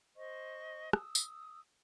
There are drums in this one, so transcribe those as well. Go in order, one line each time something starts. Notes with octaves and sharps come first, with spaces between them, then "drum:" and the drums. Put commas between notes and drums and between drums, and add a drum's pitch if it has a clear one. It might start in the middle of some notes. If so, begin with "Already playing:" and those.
C5 D#5 C#6
D#6 E6, drum: rim click
drum: tambourine